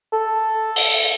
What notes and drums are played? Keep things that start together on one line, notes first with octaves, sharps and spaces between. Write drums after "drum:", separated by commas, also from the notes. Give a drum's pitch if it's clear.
A4
drum: open hi-hat